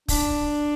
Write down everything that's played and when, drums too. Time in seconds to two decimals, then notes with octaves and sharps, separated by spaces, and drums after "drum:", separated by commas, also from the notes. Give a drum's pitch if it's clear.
0.08 D4, drum: kick, open hi-hat